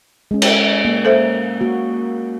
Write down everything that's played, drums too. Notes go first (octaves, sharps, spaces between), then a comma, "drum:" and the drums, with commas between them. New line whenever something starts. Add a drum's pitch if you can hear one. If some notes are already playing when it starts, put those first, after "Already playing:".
G#3 C#4
drum: cymbal
A#3
A4 C5 E5
A#3 F#4